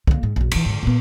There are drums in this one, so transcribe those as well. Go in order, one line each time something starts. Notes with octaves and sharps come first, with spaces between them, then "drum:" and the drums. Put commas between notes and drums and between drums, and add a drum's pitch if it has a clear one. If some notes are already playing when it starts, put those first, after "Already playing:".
D3 A#3, drum: kick
G#2
A#1 F#2
D3 E3, drum: cymbal
G#2 D3
A#2 B3